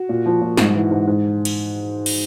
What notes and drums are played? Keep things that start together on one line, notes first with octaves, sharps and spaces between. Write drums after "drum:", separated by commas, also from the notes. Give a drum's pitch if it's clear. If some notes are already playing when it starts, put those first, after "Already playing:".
Already playing: F#4
A#2
F3
A#2
G#2, drum: snare
E3
G#2
G#2
drum: cymbal
drum: cymbal